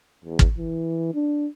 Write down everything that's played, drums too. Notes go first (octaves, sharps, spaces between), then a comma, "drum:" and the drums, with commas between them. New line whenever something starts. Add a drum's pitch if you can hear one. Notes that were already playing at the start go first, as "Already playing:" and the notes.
E2
drum: kick
E3
D4